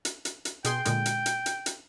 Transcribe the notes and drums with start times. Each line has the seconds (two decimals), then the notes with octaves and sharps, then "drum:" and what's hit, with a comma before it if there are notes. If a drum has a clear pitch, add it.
0.05 drum: hi-hat
0.25 drum: hi-hat
0.45 drum: hi-hat
0.64 B2 G#4 G5 C6, drum: hi-hat
0.85 A#2 D3 G#3, drum: hi-hat
1.06 drum: hi-hat
1.26 drum: hi-hat
1.46 drum: hi-hat
1.66 drum: hi-hat